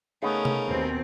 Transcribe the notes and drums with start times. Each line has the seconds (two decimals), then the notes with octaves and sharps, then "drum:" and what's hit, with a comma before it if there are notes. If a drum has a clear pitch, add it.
0.22 C#3 A3 B3 C#4 D#4 A#4
0.45 drum: tom C3
0.67 D#2 B2 C4